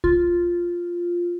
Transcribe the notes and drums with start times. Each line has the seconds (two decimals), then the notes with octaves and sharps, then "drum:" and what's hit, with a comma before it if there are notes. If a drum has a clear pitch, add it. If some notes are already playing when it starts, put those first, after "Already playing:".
0.04 F4, drum: kick C2